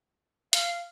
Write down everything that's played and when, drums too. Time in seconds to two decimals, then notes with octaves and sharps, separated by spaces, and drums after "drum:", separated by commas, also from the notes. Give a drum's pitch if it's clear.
0.53 F5, drum: hi-hat